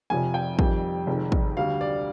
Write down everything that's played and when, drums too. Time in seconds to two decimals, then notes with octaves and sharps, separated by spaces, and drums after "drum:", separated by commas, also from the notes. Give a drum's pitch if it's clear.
0.10 F1 F2 C3 F3 G#5
0.34 G5
0.59 F2 D#3 G3, drum: kick
1.07 F1 F2 D#3 G#3
1.32 drum: kick
1.57 D2 D3 G3 F5
1.81 D5